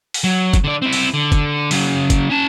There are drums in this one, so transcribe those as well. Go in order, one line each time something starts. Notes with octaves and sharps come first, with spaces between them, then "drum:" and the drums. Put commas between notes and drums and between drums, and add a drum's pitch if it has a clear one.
drum: open hi-hat
F#3
drum: kick F#1, hi-hat
D3 D5
C4 E4
drum: open hi-hat
D3
drum: kick F#1, hi-hat
C#3 F#3, drum: open hi-hat
drum: kick F#1, hi-hat
C#4 A5